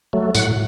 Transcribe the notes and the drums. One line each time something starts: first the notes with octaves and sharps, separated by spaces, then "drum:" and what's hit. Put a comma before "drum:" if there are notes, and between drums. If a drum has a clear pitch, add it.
F#3 A3
A2 F#5, drum: tambourine